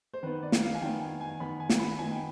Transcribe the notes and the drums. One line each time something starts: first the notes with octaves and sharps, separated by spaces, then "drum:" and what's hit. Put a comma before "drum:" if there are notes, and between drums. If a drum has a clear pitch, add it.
C5
D#3 B3 B4
D5
drum: snare
F5
G#5
D#3 B3 G5
G#5
G#5
D#3 B3 B5
G#5
drum: snare
B5
D#3 B3 G#5
G5